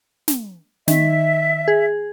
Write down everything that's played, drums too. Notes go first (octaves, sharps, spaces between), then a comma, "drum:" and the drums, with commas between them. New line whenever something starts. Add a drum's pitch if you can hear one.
drum: snare
D#3 E5, drum: snare
G#4